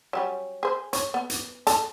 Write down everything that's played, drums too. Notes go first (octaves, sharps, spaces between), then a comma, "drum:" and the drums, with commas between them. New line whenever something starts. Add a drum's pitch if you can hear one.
F#3 G3 C#4
G#4 C5
C#5, drum: hi-hat
B3
drum: hi-hat
A4 A5, drum: hi-hat